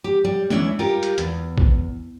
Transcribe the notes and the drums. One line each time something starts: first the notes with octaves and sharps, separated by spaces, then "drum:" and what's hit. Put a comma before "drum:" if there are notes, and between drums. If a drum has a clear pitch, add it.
G4
G3
E2 C3 E3 C#4 D4 E5, drum: tom G#3
G3 F4 G4 A#4
drum: hi-hat
E2, drum: hi-hat
drum: kick